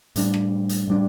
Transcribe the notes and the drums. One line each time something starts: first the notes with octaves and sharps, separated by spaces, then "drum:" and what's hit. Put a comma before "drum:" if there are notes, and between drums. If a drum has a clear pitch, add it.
A2 G3 D4, drum: hi-hat
drum: rim click
drum: hi-hat
A2 G3 D4